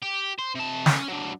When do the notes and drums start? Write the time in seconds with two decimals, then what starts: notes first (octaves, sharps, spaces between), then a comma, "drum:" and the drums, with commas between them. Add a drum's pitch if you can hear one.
0.02 G4
0.39 C5
0.55 C3 A5
0.86 C#4, drum: snare
1.09 F#3 D4